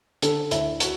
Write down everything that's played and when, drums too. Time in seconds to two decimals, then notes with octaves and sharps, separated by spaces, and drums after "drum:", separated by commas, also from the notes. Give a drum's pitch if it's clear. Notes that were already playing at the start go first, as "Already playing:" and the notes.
0.22 D3 A4, drum: hi-hat
0.51 D2 E4, drum: hi-hat
0.80 F#4, drum: hi-hat